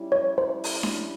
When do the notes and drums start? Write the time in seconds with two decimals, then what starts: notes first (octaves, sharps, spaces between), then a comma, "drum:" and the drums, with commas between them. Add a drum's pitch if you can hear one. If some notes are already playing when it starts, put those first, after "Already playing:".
Already playing: G3 C#4 E4
0.12 C#5
0.38 C5
0.64 drum: open hi-hat
0.83 drum: snare D4